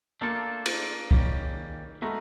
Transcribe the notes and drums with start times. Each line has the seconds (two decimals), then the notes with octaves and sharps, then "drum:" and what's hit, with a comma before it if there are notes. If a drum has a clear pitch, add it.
0.21 A3 A#3 D4 F4 A4
0.66 drum: cymbal
1.11 D#3 G3 A#3 C#4, drum: kick C2
2.02 G#3 A3 B3 D#4 F#4 A#4